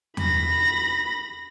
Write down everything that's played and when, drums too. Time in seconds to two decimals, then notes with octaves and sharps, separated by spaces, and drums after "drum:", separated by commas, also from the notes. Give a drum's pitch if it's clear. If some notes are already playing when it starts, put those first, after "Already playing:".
0.17 B5 A#6, drum: tom E2